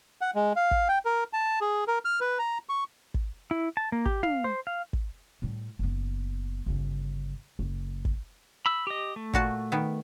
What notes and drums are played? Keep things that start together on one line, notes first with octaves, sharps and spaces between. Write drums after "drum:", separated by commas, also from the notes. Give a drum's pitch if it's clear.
F#5
G#3
F5
drum: kick
G5
A#4
A5
G#4
A#4
F6
B4
A#5
C#6
drum: kick
E4
A5
A#3
G4, drum: kick
F5, drum: tom
C5
F5
drum: kick
A2 G3
F#1 B3
G1 C#3
F#1
drum: kick
B5 E6
G4 D#5
A3
A#2 F#4 A5, drum: kick
D#3 B3